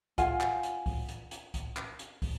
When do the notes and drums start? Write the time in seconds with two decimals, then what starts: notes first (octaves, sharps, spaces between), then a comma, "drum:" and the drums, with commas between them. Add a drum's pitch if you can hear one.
0.18 F4 F#5 G#5, drum: kick, hi-hat
0.41 drum: clap
0.63 drum: hi-hat
0.86 drum: kick, open hi-hat
1.09 drum: hi-hat
1.31 drum: hi-hat
1.54 drum: kick, hi-hat
1.77 drum: clap
1.99 drum: hi-hat
2.22 drum: kick, open hi-hat